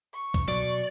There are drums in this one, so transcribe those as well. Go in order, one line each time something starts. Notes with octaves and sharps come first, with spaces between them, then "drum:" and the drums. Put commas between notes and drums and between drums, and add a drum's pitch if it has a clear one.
C#6
drum: kick C2, hi-hat
B2 F#3 D5